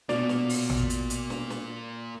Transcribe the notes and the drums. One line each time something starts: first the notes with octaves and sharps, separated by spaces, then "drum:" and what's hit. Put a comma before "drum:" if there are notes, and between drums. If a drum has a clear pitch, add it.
B2 A#3 F4 D5, drum: snare
drum: snare
drum: open hi-hat
drum: tom A1
drum: hi-hat
drum: hi-hat
drum: snare
drum: snare